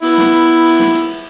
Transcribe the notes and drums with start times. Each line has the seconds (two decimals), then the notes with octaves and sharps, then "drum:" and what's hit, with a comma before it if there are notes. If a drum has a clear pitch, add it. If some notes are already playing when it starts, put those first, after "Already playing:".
0.02 B3 E4, drum: open hi-hat
0.18 drum: snare
0.33 drum: hi-hat
0.64 drum: open hi-hat
0.80 drum: snare
0.95 drum: hi-hat